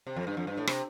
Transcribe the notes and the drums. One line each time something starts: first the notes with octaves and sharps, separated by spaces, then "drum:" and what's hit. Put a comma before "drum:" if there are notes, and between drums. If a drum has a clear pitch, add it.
C3
F2
G2
F2
G2
A2
C3, drum: rim click